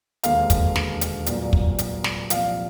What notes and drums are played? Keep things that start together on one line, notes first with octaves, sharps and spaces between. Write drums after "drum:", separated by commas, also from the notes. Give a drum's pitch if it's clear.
E1 D#2 D3 F5, drum: hi-hat
drum: kick, hi-hat
drum: snare
drum: hi-hat
C2 A#2 F#3, drum: hi-hat
drum: kick
drum: hi-hat
drum: snare
C2 A#2 F3 F5, drum: hi-hat